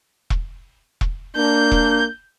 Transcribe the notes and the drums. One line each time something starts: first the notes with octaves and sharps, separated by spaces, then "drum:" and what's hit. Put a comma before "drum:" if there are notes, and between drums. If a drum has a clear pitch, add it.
drum: kick E1
drum: kick E1
A#3 D4 G6
drum: kick E1